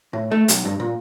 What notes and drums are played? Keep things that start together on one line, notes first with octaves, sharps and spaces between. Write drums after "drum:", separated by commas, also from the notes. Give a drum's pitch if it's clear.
A2
A3
B1, drum: hi-hat
G2
A#2